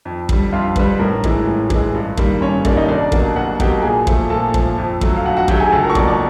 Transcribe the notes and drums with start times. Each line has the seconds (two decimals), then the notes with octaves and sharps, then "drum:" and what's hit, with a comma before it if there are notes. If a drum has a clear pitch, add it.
0.05 F2
0.29 D3 G3, drum: kick
0.53 F2 F4 F5
0.76 D3 G3 B4, drum: kick
0.99 A2 A#4
1.24 E3 G#3, drum: kick
1.47 A2
1.70 E3 G#3, drum: kick
1.95 G2
2.17 D#3 G3 A#3, drum: kick
2.41 G2 C#4 C#5
2.65 D#3 G3 A#3 D4 D5, drum: kick
2.77 D#4 D#5
2.88 C2 D4 D5
3.12 B2 F#3 A#3, drum: kick
3.36 C2 F#4 F#5
3.60 B2 F#3 A#3 G4 G5, drum: kick
3.83 A#2 G#4 G#5
4.07 F3 A3, drum: kick
4.30 A#2 A4 A5
4.54 F3 A3, drum: kick
4.78 F2
5.01 D3 F#3 A3, drum: kick
5.16 F5
5.25 F2 F#4 F#5
5.37 F#4 F#5
5.48 D3 F#3 A3 G4 G5, drum: kick
5.60 G#4 G#5
5.72 C#2 A4 A5
5.84 A#4 A#5
5.90 C#6
5.95 B2 F#3 A#3 D5 D6, drum: kick
6.08 D5 D6